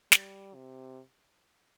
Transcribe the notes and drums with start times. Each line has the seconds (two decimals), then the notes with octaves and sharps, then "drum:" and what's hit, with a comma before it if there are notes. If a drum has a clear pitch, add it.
0.12 G3, drum: snare
0.55 C3